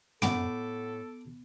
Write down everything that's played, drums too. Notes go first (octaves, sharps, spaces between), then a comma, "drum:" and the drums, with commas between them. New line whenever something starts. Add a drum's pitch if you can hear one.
A2 B3 A4 F#5 D6, drum: tom